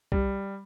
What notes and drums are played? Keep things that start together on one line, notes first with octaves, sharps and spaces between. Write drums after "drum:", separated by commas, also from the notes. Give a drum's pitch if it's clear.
G3, drum: kick